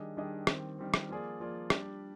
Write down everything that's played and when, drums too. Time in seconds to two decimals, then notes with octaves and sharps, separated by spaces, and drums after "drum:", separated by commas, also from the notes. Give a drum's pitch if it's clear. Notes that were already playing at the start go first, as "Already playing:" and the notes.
Already playing: D#3 G3 D4 G#4 D#5
0.17 D#3 G3 D4 G#4 D#5
0.47 D#3 G3 C4, drum: rim click
0.78 D#3 G3 C4
0.94 drum: rim click
1.08 F3 A#3 F4 G#4 D5
1.40 F3 A#3 F4 G#4 D5
1.70 G3 D4 G4 D5, drum: rim click